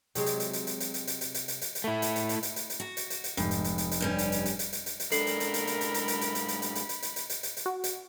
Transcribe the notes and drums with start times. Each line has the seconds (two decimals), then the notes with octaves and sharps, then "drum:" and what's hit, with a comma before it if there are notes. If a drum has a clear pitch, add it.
0.15 C3 F#3 G#3, drum: hi-hat
0.26 drum: hi-hat
0.40 drum: hi-hat
0.53 drum: hi-hat
0.67 drum: hi-hat
0.80 drum: hi-hat
0.94 drum: hi-hat
1.07 drum: hi-hat
1.21 drum: hi-hat
1.34 drum: hi-hat
1.48 drum: hi-hat
1.62 drum: hi-hat
1.75 drum: hi-hat
1.84 A3 E4
2.02 drum: hi-hat
2.16 drum: hi-hat
2.29 drum: hi-hat
2.43 drum: hi-hat
2.56 drum: hi-hat
2.70 drum: hi-hat
2.80 F#4
2.97 drum: hi-hat
3.10 drum: hi-hat
3.24 drum: hi-hat
3.37 F1 G#2, drum: hi-hat
3.51 drum: hi-hat
3.64 drum: hi-hat
3.78 drum: hi-hat
3.91 drum: hi-hat
4.01 G2 G3 C#4
4.18 drum: hi-hat
4.32 drum: hi-hat
4.46 drum: hi-hat
4.59 drum: hi-hat
4.73 drum: hi-hat
4.86 drum: hi-hat
5.00 drum: hi-hat
5.12 G#2 D4 A4 A#4 B5 C7 F#7, drum: hi-hat
5.27 drum: hi-hat
5.40 drum: hi-hat
5.54 drum: hi-hat
5.67 drum: hi-hat
5.81 drum: hi-hat
5.94 drum: hi-hat
6.08 drum: hi-hat
6.21 drum: hi-hat
6.35 drum: hi-hat
6.48 drum: hi-hat
6.62 drum: hi-hat
6.75 drum: hi-hat
6.89 drum: hi-hat
7.02 drum: hi-hat
7.16 drum: hi-hat
7.30 drum: hi-hat
7.43 drum: hi-hat
7.57 drum: hi-hat
7.66 F#4
7.84 drum: hi-hat